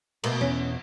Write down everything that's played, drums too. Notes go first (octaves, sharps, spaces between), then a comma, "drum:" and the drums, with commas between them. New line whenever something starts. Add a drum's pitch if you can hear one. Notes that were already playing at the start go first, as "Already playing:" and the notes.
B2 A3 A#3, drum: cymbal
E2 B2 C#4